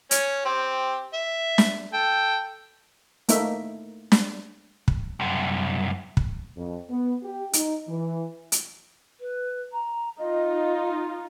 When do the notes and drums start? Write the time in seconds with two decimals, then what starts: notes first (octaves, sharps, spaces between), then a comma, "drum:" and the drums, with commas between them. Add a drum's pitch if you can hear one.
0.11 C#4, drum: hi-hat
0.45 C4 G4
1.14 E5
1.58 drum: snare
1.93 A4 G5
3.29 A3 A#3 D#4 E5, drum: hi-hat
4.12 drum: snare
4.88 drum: kick
5.20 C2 F#2
6.17 drum: kick
6.57 F2
6.90 B3
7.23 G4
7.53 D#4, drum: hi-hat
7.88 E3
8.52 drum: hi-hat
9.20 B4
9.72 A#5
10.18 D#4 F4 D#5